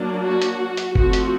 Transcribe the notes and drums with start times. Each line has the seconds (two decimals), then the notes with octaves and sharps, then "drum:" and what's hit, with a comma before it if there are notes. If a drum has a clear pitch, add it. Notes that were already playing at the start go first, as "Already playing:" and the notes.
Already playing: F#3 A#3 D4
0.24 F#4
0.42 drum: hi-hat
0.77 drum: hi-hat
0.95 F3 A3 C4 F#4, drum: kick F#1
1.13 drum: hi-hat